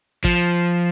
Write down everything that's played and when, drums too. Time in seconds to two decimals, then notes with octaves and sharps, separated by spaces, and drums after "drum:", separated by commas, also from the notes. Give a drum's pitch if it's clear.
0.24 F3, drum: kick